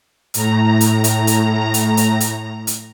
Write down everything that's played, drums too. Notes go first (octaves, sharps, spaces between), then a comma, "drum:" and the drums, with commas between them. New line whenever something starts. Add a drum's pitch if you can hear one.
A2 A#5, drum: hi-hat
drum: hi-hat
drum: hi-hat
drum: hi-hat
drum: hi-hat
drum: hi-hat
drum: hi-hat
drum: hi-hat